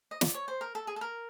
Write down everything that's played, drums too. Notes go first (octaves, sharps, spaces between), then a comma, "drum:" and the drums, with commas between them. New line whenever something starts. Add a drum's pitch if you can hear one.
D#5
D5, drum: snare
C#5
C5
A#4
A4
G#4
A4
A#4